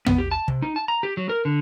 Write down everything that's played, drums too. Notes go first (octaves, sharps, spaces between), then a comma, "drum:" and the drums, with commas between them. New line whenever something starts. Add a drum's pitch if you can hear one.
B3, drum: tom
G4
A5
C3, drum: kick
D#4
A5
A#5
G4
F#3
A#4
D3